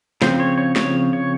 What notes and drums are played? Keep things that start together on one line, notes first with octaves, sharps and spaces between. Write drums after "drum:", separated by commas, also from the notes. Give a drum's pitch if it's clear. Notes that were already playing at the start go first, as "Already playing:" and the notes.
C#3 F3 C4 C5, drum: snare
C#5
C#5
C#5, drum: snare
C#5